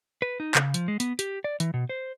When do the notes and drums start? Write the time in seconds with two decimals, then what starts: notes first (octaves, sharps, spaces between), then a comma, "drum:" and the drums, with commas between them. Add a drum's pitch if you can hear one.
0.22 B4
0.40 D#4
0.55 C#3, drum: clap
0.74 F3, drum: hi-hat
0.88 G#3
1.00 B3, drum: hi-hat
1.19 G4, drum: hi-hat
1.44 D5
1.60 E3, drum: hi-hat
1.74 B2
1.89 C5